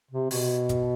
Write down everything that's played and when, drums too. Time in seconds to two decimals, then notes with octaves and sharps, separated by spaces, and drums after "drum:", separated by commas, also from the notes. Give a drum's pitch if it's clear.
0.11 C3
0.31 B2, drum: open hi-hat
0.69 drum: kick, hi-hat